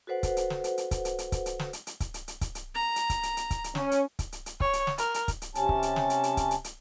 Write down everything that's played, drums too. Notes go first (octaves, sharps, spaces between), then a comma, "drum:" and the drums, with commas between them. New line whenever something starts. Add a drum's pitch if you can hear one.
F#4 A4 B4 C5 F#5
drum: kick C#1, hi-hat
drum: hi-hat
drum: snare
drum: hi-hat
drum: hi-hat
drum: kick C#1, hi-hat
drum: hi-hat
drum: hi-hat
drum: kick C#1, hi-hat
drum: hi-hat
drum: snare
drum: hi-hat
drum: hi-hat
drum: kick C#1, hi-hat
drum: hi-hat
drum: hi-hat
drum: kick C#1, hi-hat
drum: hi-hat
A#5
drum: hi-hat
drum: kick C#1, hi-hat
drum: hi-hat
drum: hi-hat
drum: kick C#1, hi-hat
drum: hi-hat
C#4, drum: snare
drum: hi-hat
drum: kick C#1, hi-hat
drum: hi-hat
drum: hi-hat
C#5, drum: kick C#1
drum: hi-hat
drum: snare
A#4, drum: hi-hat
drum: hi-hat
drum: kick C#1, hi-hat
drum: hi-hat
C3 C#4 A5, drum: hi-hat
drum: kick C#1
drum: hi-hat
drum: snare
drum: hi-hat
drum: hi-hat
drum: kick C#1, hi-hat
drum: hi-hat
drum: hi-hat